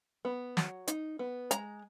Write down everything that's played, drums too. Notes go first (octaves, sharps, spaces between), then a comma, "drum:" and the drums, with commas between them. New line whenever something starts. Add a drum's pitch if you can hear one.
B3
F#3, drum: snare
D#4, drum: hi-hat
B3
G#3 A#5, drum: hi-hat